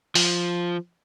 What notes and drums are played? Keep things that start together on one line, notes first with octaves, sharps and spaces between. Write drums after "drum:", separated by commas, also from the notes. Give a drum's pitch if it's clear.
F3, drum: open hi-hat